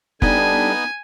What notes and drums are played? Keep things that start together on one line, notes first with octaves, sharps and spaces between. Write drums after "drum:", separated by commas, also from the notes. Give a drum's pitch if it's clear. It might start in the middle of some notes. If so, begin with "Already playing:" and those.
G3 B3 D4 D#4 A4 G#5, drum: kick F#1